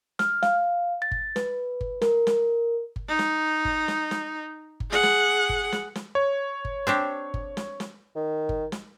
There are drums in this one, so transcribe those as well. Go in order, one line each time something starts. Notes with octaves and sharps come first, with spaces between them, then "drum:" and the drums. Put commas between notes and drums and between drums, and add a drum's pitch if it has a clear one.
F6, drum: snare
F5, drum: snare
A6
drum: kick G1
B4, drum: snare
drum: kick G1
A#4, drum: snare
drum: snare
drum: kick G1
D#4
drum: snare
drum: kick G1
drum: snare
drum: snare
drum: kick G1
G#4 F#5
drum: snare
drum: kick G1
drum: snare
drum: snare
C#5
drum: kick G1
C4 D4 G4, drum: snare
drum: kick G1
drum: snare
drum: snare
D#3
drum: kick G1
drum: snare